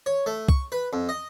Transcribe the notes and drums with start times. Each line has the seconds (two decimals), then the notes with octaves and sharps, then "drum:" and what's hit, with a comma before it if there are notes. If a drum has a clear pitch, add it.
0.06 C#5
0.26 A3
0.49 C#6, drum: kick
0.72 B4
0.93 F2
1.09 D#5